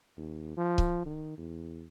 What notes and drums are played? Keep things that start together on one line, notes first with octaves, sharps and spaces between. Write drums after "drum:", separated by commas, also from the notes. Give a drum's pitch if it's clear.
D#2
F3
drum: kick C#1
D#3
E2